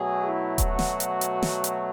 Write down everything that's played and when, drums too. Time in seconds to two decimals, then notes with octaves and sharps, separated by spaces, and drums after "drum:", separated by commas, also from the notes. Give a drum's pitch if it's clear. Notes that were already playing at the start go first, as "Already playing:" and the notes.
Already playing: B2 F#3 A3 G#4
0.25 E4
0.58 F#4, drum: kick D#1, hi-hat
0.79 drum: snare
1.00 drum: hi-hat
1.21 drum: hi-hat
1.43 drum: snare
1.64 drum: hi-hat